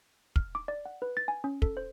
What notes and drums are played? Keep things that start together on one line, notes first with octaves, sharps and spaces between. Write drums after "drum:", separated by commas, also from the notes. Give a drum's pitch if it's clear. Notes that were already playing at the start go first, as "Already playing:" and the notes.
F6, drum: kick
D6
D5
F#5
B4
A6
G#5
C#4
A4, drum: kick
C5